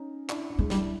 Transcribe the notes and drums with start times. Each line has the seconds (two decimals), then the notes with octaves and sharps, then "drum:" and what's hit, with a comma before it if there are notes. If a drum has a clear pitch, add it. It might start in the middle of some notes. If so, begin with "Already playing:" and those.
Already playing: C#4 D#4
0.29 D4 E4, drum: clap
0.50 D4 E4
0.59 G#3
0.70 G3 D4 E4, drum: snare